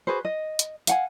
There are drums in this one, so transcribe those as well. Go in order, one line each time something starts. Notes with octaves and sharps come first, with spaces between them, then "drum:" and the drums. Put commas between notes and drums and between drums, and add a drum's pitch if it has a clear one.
F#4 G#4 B4 C5
D#5
drum: hi-hat
F5 F#5 G#5, drum: hi-hat